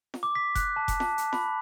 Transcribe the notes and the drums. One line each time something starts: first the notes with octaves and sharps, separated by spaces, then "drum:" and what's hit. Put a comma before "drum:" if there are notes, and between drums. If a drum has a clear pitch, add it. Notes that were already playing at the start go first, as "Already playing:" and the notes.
drum: snare
D6
B6
F#6, drum: kick F1, hi-hat
A5
drum: kick F1, hi-hat
A5, drum: snare
drum: hi-hat
B5, drum: snare